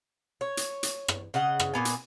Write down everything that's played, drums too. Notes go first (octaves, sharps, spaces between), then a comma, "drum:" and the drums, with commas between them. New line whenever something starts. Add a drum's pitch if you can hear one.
C#5
drum: hi-hat
drum: hi-hat
drum: rim click
C#3 D#5 F#5
drum: rim click
A#2 B3 G#5
drum: hi-hat